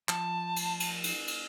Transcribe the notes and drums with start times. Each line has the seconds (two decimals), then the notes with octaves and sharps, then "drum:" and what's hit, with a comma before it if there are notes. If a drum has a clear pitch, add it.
0.09 F3 A5, drum: clap
0.56 drum: cymbal
0.80 drum: cymbal
1.04 drum: cymbal
1.28 drum: cymbal